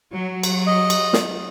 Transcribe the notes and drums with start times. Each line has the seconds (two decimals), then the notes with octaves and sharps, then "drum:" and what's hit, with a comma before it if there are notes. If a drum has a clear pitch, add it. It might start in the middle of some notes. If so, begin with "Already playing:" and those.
0.11 F#3
0.43 drum: cymbal
0.67 D#5
0.90 drum: cymbal
1.13 drum: snare